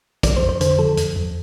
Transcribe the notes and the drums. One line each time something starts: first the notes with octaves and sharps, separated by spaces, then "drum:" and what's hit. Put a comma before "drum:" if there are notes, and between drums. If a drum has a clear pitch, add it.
F3 D5, drum: kick, hi-hat
C5
F2
C5
D3 C5, drum: hi-hat
F3 A4
F2, drum: hi-hat
F2